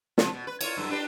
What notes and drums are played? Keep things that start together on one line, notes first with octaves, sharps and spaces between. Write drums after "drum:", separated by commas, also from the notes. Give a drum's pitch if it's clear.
C3 F3, drum: snare
B2
B4
F4 C#5, drum: cymbal
G2 F#3
D4 G4 B4